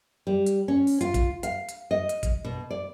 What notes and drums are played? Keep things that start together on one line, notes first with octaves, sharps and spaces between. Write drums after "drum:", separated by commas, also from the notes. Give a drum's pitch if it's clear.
G3
drum: hi-hat
C#4
drum: open hi-hat
F4, drum: hi-hat
drum: kick, hi-hat
F5, drum: hi-hat
drum: hi-hat
D#5
drum: hi-hat
drum: kick, hi-hat
B2
D5